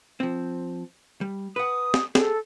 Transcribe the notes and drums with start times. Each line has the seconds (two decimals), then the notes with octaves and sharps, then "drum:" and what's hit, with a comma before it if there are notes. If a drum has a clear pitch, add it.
0.20 F3 C4
1.21 G3
1.56 B4 F#5 D#6
1.94 drum: snare
2.15 G#4 A4, drum: snare